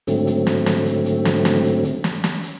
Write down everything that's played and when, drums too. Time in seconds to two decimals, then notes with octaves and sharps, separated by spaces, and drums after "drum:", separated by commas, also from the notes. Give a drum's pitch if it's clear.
0.07 G#2 D3 F#3 A3 C4, drum: hi-hat
0.27 drum: hi-hat
0.47 drum: snare
0.66 drum: snare
0.86 drum: hi-hat
1.06 drum: hi-hat
1.25 drum: snare
1.45 drum: snare
1.65 drum: hi-hat
1.84 drum: hi-hat
2.04 drum: snare
2.24 drum: snare
2.43 drum: hi-hat